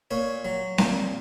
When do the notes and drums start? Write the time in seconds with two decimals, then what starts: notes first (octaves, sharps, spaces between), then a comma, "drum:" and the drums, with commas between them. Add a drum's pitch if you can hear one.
0.11 A#2 C#5
0.45 F#3
0.78 A#2, drum: snare C4